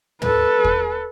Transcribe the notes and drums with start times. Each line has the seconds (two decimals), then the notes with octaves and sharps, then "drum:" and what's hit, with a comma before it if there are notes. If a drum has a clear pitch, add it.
0.22 A4 B4, drum: tom
0.64 drum: kick